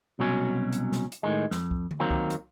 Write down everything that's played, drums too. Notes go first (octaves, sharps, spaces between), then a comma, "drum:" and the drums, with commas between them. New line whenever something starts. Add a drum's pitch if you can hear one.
C2 B2 F#3 C#4
drum: hi-hat
drum: snare
drum: hi-hat
A2 D#3 G#3
F2, drum: snare
drum: kick C2
drum: tom D3
D#2 D#3 F#3 A#3 C4
drum: kick C2
drum: hi-hat